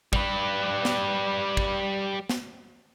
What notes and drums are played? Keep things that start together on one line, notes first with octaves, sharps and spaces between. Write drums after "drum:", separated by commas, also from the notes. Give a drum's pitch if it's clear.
G3 B4, drum: kick
drum: snare
drum: kick
drum: snare